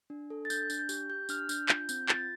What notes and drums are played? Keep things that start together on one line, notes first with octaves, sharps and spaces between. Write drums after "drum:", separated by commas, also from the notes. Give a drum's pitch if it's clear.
D4
A4
A6
D4 G6, drum: tambourine
D4, drum: tambourine
G6
G4, drum: tambourine
G4 G6
D4 F6, drum: tambourine
D4 G6, drum: tambourine
F4 G6, drum: clap
C4 G6, drum: tambourine
F4 A6, drum: clap